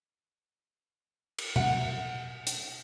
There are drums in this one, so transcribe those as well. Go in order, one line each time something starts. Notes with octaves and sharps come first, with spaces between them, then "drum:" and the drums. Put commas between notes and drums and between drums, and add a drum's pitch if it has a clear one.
drum: cymbal
F#5, drum: tom B2
drum: hi-hat